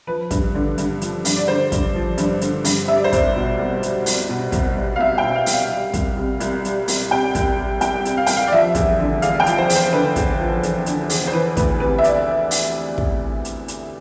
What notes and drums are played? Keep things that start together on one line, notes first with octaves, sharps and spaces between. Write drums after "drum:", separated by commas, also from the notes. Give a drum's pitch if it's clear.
F3 B4
G2, drum: kick, hi-hat
D3
G2, drum: hi-hat
F3, drum: hi-hat
G2, drum: open hi-hat
D5
D3 C5
G2, drum: kick, hi-hat
F3
G2, drum: hi-hat
D3, drum: hi-hat
G2, drum: open hi-hat
G3 E5
D5
C5
C2 D5, drum: kick, hi-hat
B2
C2
G3, drum: hi-hat
C2, drum: open hi-hat
B2
C2, drum: kick, hi-hat
G3
F5
C2 E5
B2 G5
F5
C2, drum: open hi-hat
F5
G3
C2, drum: kick, hi-hat
C3
C2, drum: hi-hat
G3, drum: hi-hat
C2, drum: open hi-hat
C3 G5
C2, drum: kick, hi-hat
G3
C2 G5, drum: hi-hat
C3, drum: hi-hat
F5
C2 G5, drum: open hi-hat
F5
D5
F3 E5
E2, drum: kick, hi-hat
D3
E2 F5, drum: hi-hat
G5
F3, drum: hi-hat
C5
E2, drum: open hi-hat
C5
D3 B4
E2, drum: kick, hi-hat
F3
E2, drum: hi-hat
D3, drum: hi-hat
E2, drum: open hi-hat
C5
E3 B4
D2 B4, drum: kick, hi-hat
C3 B4
E5
D5, drum: hi-hat
drum: open hi-hat
drum: kick
drum: hi-hat
drum: hi-hat